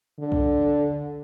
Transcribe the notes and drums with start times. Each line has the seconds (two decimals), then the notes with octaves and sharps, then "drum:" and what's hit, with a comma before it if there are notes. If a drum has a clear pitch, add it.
0.20 D3
0.32 drum: kick